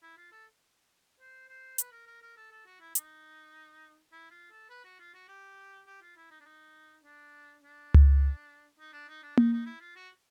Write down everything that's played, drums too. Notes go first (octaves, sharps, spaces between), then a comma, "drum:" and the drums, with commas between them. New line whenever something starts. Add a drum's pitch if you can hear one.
E4
F4
A4
C5
C5
B4, drum: hi-hat
A#4
A#4
A#4
A4
A4
F#4
E4
D#4, drum: hi-hat
E4
F4
A4
B4
F#4
F4
F#4
G4
G4
F4
E4
D#4
D4
D#4
D4
D4
drum: tom C#2
D#4
D4
D#4
D4
D#4, drum: tom A#3
D#4
E4
F4
F#4